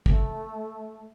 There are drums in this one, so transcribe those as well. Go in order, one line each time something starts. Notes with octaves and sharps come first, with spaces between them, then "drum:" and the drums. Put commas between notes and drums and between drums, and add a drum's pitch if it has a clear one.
A3, drum: kick